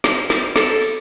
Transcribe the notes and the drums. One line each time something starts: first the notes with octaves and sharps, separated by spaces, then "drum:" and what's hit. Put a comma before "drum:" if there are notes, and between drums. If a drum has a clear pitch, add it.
drum: snare
drum: snare
A4, drum: snare
drum: open hi-hat